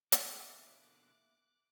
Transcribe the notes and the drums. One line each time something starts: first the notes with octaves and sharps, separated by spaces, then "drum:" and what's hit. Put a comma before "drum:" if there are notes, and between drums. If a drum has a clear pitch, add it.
B2 D3 A#3 E4 G#4 D6 F#6, drum: hi-hat